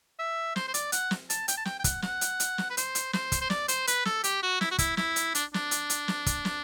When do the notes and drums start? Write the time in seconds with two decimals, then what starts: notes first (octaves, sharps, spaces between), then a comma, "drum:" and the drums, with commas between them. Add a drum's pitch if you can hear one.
0.19 E5
0.56 C5, drum: snare
0.68 C5
0.74 D5, drum: hi-hat
0.92 F#5, drum: hi-hat
1.11 drum: snare
1.30 A5, drum: hi-hat
1.48 G5, drum: hi-hat
1.57 A5
1.65 G5, drum: snare
1.79 G5
1.84 F#5, drum: kick, hi-hat
2.02 F#5, drum: snare
2.21 drum: hi-hat
2.40 drum: hi-hat
2.58 drum: snare
2.70 B4
2.77 C5, drum: hi-hat
2.95 drum: hi-hat
3.13 C5, drum: snare
3.32 drum: kick, hi-hat
3.41 C5
3.50 D5, drum: snare
3.68 C5, drum: hi-hat
3.87 B4, drum: hi-hat
4.05 A4, drum: snare
4.24 G4, drum: hi-hat
4.43 F#4
4.61 E4, drum: snare
4.71 F#4
4.78 E4, drum: kick, hi-hat
4.97 E4, drum: snare
5.16 drum: hi-hat
5.35 D4, drum: hi-hat
5.54 D4, drum: snare
5.71 drum: hi-hat
5.90 drum: hi-hat
6.08 drum: snare
6.26 drum: kick, hi-hat
6.45 drum: snare